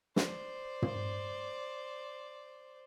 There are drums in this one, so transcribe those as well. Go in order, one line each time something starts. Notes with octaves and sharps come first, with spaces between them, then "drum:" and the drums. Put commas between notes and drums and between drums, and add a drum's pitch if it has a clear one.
C5 D5, drum: snare
drum: tom